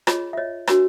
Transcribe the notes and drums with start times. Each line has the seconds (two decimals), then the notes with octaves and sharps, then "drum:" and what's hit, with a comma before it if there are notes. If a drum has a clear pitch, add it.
0.07 F4 G#4 C#5 D#5, drum: rim click
0.33 E5
0.37 C#5 D#5
0.67 D4 F#4 A#4 C#5, drum: rim click